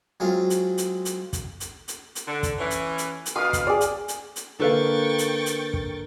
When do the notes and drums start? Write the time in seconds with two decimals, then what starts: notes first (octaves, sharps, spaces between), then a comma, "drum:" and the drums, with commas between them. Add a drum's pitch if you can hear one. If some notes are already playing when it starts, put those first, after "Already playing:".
0.20 F#3 G#3 C4 F4
0.50 drum: hi-hat
0.78 drum: hi-hat
1.05 drum: hi-hat
1.33 drum: kick, hi-hat
1.60 drum: hi-hat
1.88 drum: hi-hat
2.15 drum: hi-hat
2.26 D3
2.43 drum: kick, hi-hat
2.58 E3 C#4
2.70 drum: hi-hat
2.98 drum: hi-hat
3.26 drum: hi-hat
3.36 D2 B2 F5 D#6
3.53 drum: kick, hi-hat
3.67 G#4 D5
3.81 drum: hi-hat
4.08 drum: hi-hat
4.36 drum: hi-hat
4.60 D3 A#3 A4 B4 F5 G5 C#6 A6
5.18 drum: hi-hat
5.46 drum: hi-hat
5.73 drum: kick